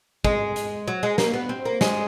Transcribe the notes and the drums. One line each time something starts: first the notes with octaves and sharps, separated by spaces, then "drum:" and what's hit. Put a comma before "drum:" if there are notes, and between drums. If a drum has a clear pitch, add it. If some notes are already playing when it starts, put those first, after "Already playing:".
G#3, drum: kick
drum: hi-hat
F#3
G#3
A#3, drum: snare
B3
C4
A#3
G#3, drum: snare